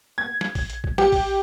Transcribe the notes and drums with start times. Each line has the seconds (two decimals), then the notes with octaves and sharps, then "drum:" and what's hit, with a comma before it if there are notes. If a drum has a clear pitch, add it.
0.18 G#6
0.41 drum: snare
0.55 drum: kick A#1, open hi-hat
0.70 drum: hi-hat
0.84 drum: kick A#1
0.98 G4, drum: snare
1.12 drum: kick A#1, open hi-hat